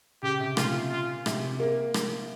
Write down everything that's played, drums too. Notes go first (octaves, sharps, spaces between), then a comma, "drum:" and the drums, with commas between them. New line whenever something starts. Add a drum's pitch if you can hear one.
C#3 G4
C3
A#2 F4, drum: rim click
F4
C3, drum: rim click
A#3
drum: rim click